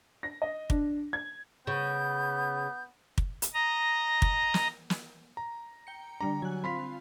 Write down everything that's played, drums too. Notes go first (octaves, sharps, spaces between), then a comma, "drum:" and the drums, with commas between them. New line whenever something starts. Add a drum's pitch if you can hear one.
A#6
D#5
D4, drum: kick
G#6
C#3 B3 G6
drum: kick
drum: hi-hat
D#5 A#5
drum: kick
drum: snare
drum: snare
A#5
G5 C#7
D3 G3 D4 A#5
F#3 G#5 F#6
C4 F4 F5 B5 C6 B6